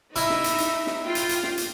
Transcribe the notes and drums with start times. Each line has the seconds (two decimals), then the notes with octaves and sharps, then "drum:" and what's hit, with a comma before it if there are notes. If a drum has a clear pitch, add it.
0.16 D#4 E4 E5, drum: hi-hat
0.30 drum: snare
0.44 drum: hi-hat
0.58 drum: hi-hat
0.87 drum: snare
1.05 F4 G5
1.15 drum: hi-hat
1.29 drum: hi-hat
1.43 drum: snare
1.57 drum: hi-hat